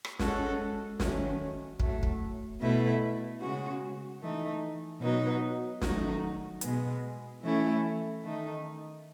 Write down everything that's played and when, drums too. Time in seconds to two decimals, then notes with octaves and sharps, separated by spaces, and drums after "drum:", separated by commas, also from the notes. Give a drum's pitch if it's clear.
0.05 drum: rim click
0.19 G#3 C#4 F#4 A4, drum: snare
1.00 D#3 F#3 A3 C#4, drum: snare
1.80 A2 F#3 A3, drum: kick
2.03 drum: kick
2.60 B2 A3 E4 B4
3.40 C#3 G#3 C#4 F#4
4.21 E3 A3 D#4
5.01 B2 F#3 B3 D#4
5.82 D#3 F#3 A3 D#4 F#4, drum: snare
6.61 B2 G#3 B3, drum: hi-hat
7.42 E3 A3 C#4 E4
8.22 D#3 A3 D#4